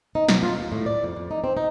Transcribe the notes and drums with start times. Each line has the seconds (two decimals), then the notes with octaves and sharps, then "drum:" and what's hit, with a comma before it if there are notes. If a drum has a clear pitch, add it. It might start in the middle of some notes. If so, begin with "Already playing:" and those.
0.15 D#4
0.29 B2, drum: snare F#3
0.43 F4
0.57 D#2
0.72 A2
0.86 D5
1.03 F2
1.16 F2
1.31 D#4
1.44 C4
1.57 D#4